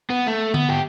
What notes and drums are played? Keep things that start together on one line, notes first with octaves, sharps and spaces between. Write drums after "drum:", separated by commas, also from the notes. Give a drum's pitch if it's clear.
B3
A3
B3, drum: tom D3
G4